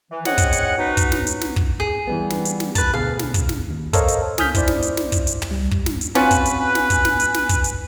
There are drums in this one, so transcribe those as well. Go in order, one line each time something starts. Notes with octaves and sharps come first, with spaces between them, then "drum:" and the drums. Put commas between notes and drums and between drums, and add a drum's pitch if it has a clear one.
E3
E2 C4 C#5 D#5 F#5, drum: snare
drum: kick, hi-hat
drum: hi-hat
B3 C#4 D#4 F#4 B4
drum: kick, hi-hat
drum: snare
drum: hi-hat
drum: snare
drum: kick
G#4
E3 G3 B3
drum: snare
drum: hi-hat
drum: snare
B4 A5, drum: kick, hi-hat
D2 B2 G#4 F5
drum: snare
drum: kick, hi-hat
drum: snare
D#2
A4 A#4 C5 C#5 D#5 F5, drum: kick, hi-hat
drum: hi-hat
C#2 G#5 D#6 F6 G6 B6, drum: snare
E4 C5 D5, drum: kick, hi-hat
drum: snare
drum: hi-hat
drum: snare
drum: kick, hi-hat
drum: hi-hat
drum: tom
G3
drum: kick
drum: snare
drum: hi-hat
C4 C#4 F4 F#4 B4 G#5, drum: snare
drum: kick, hi-hat
drum: hi-hat
drum: snare
drum: kick, hi-hat
drum: snare
drum: hi-hat
drum: snare
drum: kick, hi-hat
drum: hi-hat